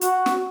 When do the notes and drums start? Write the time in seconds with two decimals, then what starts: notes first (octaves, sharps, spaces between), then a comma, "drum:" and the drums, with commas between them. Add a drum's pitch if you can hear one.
0.01 F#4, drum: hi-hat
0.26 drum: snare